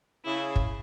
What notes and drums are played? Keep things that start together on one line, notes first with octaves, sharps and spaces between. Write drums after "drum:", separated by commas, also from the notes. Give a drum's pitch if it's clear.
C#3 E4
drum: kick